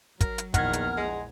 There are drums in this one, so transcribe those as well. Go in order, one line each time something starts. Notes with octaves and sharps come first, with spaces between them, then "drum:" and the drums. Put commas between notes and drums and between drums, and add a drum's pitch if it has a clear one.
F#3 A#4, drum: kick, hi-hat
drum: hi-hat
A#1 E2 D#3 A#4 F#5 A#5 F6 G#6, drum: kick, hi-hat
drum: hi-hat
G#3